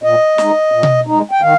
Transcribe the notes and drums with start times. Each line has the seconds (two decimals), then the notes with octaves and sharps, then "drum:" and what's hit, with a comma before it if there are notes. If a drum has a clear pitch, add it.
0.03 A#2 D#5
0.38 G#3 D#4, drum: snare
0.72 A#2
0.83 drum: tom B2
1.07 G#3 D#4
1.31 G5
1.41 D#3 F5